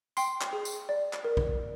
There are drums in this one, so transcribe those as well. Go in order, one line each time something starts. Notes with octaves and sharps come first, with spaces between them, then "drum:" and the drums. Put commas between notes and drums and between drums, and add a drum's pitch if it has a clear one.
G5 C6 C7, drum: tambourine
drum: clap
G#4
drum: tambourine
D5
drum: clap
A#4
drum: kick A#1